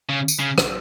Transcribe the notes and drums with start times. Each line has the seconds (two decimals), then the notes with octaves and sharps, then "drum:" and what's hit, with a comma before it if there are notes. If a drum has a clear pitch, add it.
0.09 C#3
0.28 drum: tambourine
0.39 C#3
0.58 drum: rim click